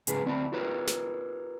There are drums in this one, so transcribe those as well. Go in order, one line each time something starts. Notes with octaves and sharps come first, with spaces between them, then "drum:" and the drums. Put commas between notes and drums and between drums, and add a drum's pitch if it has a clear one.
G#2 C#3 G#4 B4, drum: hi-hat
D2 C4 D5 A5 B5
F4 G4 A#4 B4 C#5
drum: snare